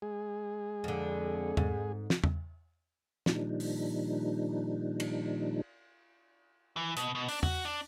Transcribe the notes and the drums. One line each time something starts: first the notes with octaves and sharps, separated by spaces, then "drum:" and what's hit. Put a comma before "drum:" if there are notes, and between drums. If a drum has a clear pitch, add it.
G#3 G#4
F2 D3
G#2, drum: tom E2
drum: snare
drum: tom E2
A#2 D#3 F3 G3 D4 D#4, drum: snare
drum: open hi-hat
drum: cymbal
E3
B2, drum: hi-hat
B2
D4, drum: open hi-hat
F#4, drum: tom E2
D4